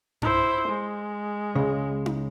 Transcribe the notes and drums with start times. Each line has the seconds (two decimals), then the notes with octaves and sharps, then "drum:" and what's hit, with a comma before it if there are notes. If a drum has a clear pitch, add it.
0.22 E4 C5, drum: tom G2
0.68 G#3
1.55 C#2 C#3
2.06 drum: tom D#4